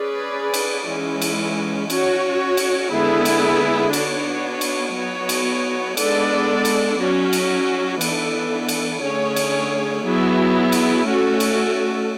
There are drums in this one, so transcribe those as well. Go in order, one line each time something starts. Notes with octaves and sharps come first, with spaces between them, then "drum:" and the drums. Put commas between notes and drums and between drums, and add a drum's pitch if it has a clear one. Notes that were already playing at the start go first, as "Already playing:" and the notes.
Already playing: C#4 G#4 B4 D5
drum: cymbal
E3 G#3 C#4
drum: cymbal
C#4 F#4 C#5, drum: cymbal
drum: cymbal
D3 G#3 B3 E4 G#4
drum: cymbal
B3 D4 F#4 C#5, drum: cymbal
drum: cymbal
F#3 B3 F#4 C#5
drum: cymbal
G#3 B3 D4 A4 D5, drum: cymbal
drum: cymbal
F#3 C#4 F#4
drum: cymbal
E3 B3 D4 A4, drum: cymbal
drum: cymbal
D3 A3 C#4 G#4 C#5
drum: cymbal
F#3 B3 E4 G#4
drum: cymbal
A3 C#4 F#4 A4
drum: cymbal